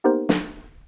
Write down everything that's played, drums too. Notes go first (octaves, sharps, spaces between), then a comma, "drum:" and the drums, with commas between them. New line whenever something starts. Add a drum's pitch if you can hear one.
A#3 B3 D#4 G4 A#4 C5
drum: snare